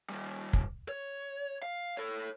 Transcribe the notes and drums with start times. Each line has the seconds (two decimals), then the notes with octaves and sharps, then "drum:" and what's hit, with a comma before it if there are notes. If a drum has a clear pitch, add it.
0.09 D#3 G3
0.53 drum: kick
0.89 C#5
1.62 F5
1.97 A4 C#5